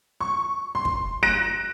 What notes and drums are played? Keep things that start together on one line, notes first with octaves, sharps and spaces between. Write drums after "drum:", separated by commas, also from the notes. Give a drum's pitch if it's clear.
C#6
C6
drum: kick
F#6 A#6 D7 E7